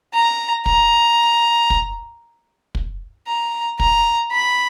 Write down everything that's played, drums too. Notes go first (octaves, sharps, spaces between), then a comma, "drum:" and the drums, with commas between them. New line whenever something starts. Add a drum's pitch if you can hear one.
A#5
A#5, drum: kick
drum: kick
drum: kick
A#5
A#5, drum: kick
B5